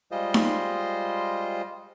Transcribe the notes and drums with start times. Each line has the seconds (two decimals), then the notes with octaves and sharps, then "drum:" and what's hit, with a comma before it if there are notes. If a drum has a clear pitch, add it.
0.11 G3 G#3 F4 C5 D#5
0.34 drum: snare D#4